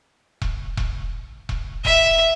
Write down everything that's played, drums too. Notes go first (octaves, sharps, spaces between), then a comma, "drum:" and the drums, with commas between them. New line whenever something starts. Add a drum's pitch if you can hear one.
drum: kick E1
drum: kick E1
drum: kick E1
E5, drum: kick E1